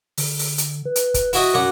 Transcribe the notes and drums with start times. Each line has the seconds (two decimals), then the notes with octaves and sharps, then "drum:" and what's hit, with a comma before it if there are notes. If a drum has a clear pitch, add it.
0.18 D3, drum: open hi-hat
0.39 drum: open hi-hat
0.58 drum: hi-hat
0.86 B4
0.96 drum: hi-hat
1.14 drum: kick, hi-hat
1.33 E4 F#4 D#5, drum: open hi-hat
1.54 F#2 F#5 D6